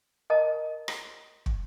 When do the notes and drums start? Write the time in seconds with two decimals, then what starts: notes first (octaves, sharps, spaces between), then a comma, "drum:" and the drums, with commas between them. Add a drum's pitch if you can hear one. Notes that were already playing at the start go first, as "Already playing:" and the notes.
0.30 A#4 D#5 A5 A#5
0.88 drum: rim click
1.46 drum: kick